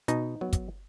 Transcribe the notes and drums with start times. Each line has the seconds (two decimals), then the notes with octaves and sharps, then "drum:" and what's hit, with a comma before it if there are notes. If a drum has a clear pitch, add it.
0.08 B2 D#4, drum: hi-hat
0.41 F#3 B3
0.53 drum: kick, hi-hat